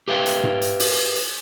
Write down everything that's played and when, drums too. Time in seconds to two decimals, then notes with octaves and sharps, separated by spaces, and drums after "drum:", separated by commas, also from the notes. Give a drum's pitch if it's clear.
0.08 G4 B4 E5 F5 G5
0.26 drum: hi-hat
0.44 drum: tom G#2
0.62 drum: hi-hat
0.79 drum: open hi-hat
1.15 drum: hi-hat